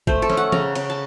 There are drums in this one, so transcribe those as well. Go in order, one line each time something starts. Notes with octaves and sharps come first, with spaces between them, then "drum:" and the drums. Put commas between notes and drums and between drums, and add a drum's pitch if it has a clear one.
A3 C5, drum: kick
A4
C#4, drum: snare
F#5
C#3 A#5, drum: tom E3
C#3, drum: cymbal
A5